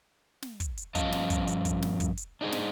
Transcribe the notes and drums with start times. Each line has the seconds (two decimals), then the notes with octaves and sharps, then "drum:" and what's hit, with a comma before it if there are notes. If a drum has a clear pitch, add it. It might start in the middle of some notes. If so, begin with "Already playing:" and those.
0.42 drum: snare
0.60 drum: kick, hi-hat
0.77 drum: hi-hat
0.95 G2 F3 C#4 D#5 F5 A5, drum: kick, hi-hat
1.12 drum: snare
1.30 drum: kick, hi-hat
1.47 drum: hi-hat
1.65 drum: kick, hi-hat
1.82 drum: snare
2.00 drum: kick, hi-hat
2.17 drum: hi-hat
2.41 D4 D#4 G#4 C5
2.52 drum: snare